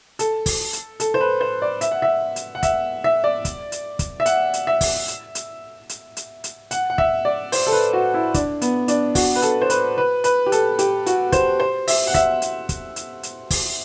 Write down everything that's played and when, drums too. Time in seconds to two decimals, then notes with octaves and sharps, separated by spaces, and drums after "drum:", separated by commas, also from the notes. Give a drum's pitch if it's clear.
0.19 A4, drum: hi-hat
0.46 drum: kick, open hi-hat
0.73 drum: hi-hat
1.00 A4, drum: hi-hat
1.14 C5
1.21 B4
1.41 C5
1.62 D5
1.81 E5, drum: hi-hat
1.92 F#5
2.02 E5
2.36 drum: hi-hat
2.55 F#5
2.63 E5, drum: kick, hi-hat
3.04 E5
3.24 D5
3.45 drum: kick, hi-hat
3.72 drum: hi-hat
3.99 drum: kick, hi-hat
4.20 E5
4.26 F#5, drum: hi-hat
4.53 drum: hi-hat
4.67 E5
4.81 drum: kick, open hi-hat
5.08 drum: hi-hat
5.35 drum: hi-hat
5.89 drum: hi-hat
6.17 drum: hi-hat
6.44 drum: hi-hat
6.71 F#5, drum: hi-hat
6.90 F#5
6.98 E5, drum: kick
7.25 D5
7.52 C5, drum: open hi-hat
7.67 A4
7.72 B4
7.93 F#4
8.14 E4
8.34 D4, drum: kick, hi-hat
8.62 B3, drum: hi-hat
8.88 D4, drum: hi-hat
9.15 F#4, drum: kick, open hi-hat
9.36 B4
9.42 A4, drum: hi-hat
9.62 C5
9.70 B4, drum: hi-hat
9.98 B4
10.24 B4, drum: hi-hat
10.46 G4
10.52 A4, drum: hi-hat
10.79 G4, drum: hi-hat
11.06 F#4, drum: hi-hat
11.32 C5, drum: kick, hi-hat
11.60 C5
11.88 E5, drum: open hi-hat
12.07 F#5
12.14 E5, drum: kick, hi-hat
12.42 drum: hi-hat
12.69 drum: kick, hi-hat
12.96 drum: hi-hat
13.23 drum: hi-hat
13.50 drum: kick, open hi-hat